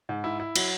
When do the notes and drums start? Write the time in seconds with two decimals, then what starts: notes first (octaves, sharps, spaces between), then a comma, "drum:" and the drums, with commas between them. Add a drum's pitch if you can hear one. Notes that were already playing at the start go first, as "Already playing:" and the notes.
0.09 G#2
0.24 E4
0.40 E4
0.56 F#3, drum: cymbal